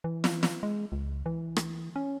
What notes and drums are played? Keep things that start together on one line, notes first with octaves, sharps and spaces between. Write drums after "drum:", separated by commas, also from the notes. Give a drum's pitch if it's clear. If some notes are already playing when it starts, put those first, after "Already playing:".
E3
drum: snare
drum: snare
G#3
C#2
E3
drum: rim click
C#4